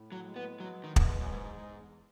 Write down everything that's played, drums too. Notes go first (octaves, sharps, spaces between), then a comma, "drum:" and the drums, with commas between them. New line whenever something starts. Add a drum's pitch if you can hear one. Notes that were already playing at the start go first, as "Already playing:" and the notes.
Already playing: A2
F#3
G#3
B3
F#3 B3
D#3
G#3, drum: kick
B2
F#2
E2 G#2
E2